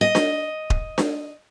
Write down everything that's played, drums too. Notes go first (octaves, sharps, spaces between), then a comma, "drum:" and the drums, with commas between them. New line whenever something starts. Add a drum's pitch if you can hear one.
D#5
drum: snare D4
drum: kick D#1
drum: snare D4